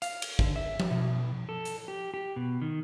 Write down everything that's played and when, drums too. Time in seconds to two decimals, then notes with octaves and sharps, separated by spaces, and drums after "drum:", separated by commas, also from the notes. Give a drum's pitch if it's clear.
0.02 F5, drum: hi-hat
0.22 drum: cymbal
0.39 D3, drum: kick
0.56 E5
0.80 drum: tom F3
0.91 B2
1.49 A4
1.65 drum: hi-hat
1.88 G4
2.14 G4
2.36 B2
2.61 D#3